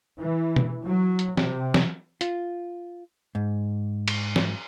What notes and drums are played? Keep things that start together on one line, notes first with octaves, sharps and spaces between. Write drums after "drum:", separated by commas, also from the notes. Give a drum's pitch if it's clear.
E3
drum: tom B2
F#3
drum: hi-hat
C3, drum: snare
drum: snare
F4, drum: hi-hat
G#2
drum: cymbal
drum: snare